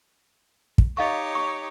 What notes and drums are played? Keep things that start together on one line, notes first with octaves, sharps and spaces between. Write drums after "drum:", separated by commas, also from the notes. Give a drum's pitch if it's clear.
drum: kick
D#4 G4 C#5 D#5 F5 C#6
C#6